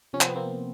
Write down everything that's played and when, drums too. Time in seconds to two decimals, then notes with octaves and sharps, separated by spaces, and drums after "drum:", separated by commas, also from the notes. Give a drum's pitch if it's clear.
0.13 C3 F3 C#4
0.21 C4, drum: clap
0.28 B3
0.35 A#3 C4